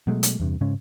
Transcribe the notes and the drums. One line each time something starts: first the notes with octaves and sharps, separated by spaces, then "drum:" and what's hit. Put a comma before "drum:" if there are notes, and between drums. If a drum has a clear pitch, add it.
B2 F#3 G#3 A3
drum: hi-hat
E2 G2 C3
G#2 C#3 G#3 C#4